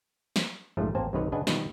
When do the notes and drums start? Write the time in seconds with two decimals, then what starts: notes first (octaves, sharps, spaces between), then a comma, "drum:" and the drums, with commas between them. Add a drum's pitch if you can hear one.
0.36 drum: snare
0.77 A#1 G#2 C3 F3 A3
0.95 A1 A#3 C4 C5 G#5 A5
1.13 B1 F#2 C3 D#3 B4 C#5
1.32 C#3 D4 B4 D#5 F#5 G#5
1.47 B2 D#3 F3 G3, drum: snare